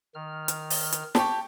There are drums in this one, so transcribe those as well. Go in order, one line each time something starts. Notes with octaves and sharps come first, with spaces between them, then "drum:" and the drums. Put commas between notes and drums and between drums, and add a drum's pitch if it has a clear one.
D#3 F6
drum: hi-hat
drum: open hi-hat
drum: hi-hat
G4 G5 A5 C#6, drum: snare